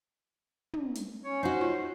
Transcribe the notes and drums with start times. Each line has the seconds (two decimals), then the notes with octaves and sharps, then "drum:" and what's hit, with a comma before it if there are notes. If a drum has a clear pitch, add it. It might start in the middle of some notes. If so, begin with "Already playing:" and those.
0.73 drum: tom
0.95 drum: hi-hat
1.25 C#4 C#5
1.43 D#4 F#4 C5
1.61 F4